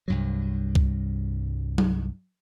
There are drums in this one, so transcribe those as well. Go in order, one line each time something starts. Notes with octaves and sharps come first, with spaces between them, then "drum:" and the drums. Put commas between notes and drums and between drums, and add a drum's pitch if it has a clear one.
C2 G2 F#3
drum: kick C2
drum: tom F#3